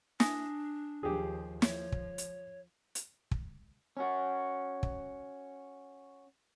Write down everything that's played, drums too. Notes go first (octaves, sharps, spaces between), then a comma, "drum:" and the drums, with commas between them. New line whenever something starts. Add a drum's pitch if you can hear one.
D4 G#5 D#6 A#6, drum: snare
D#2 F3 G4 G#4
F3 C#5, drum: snare
drum: kick
drum: hi-hat
drum: hi-hat
drum: kick
C#4 F#4
drum: kick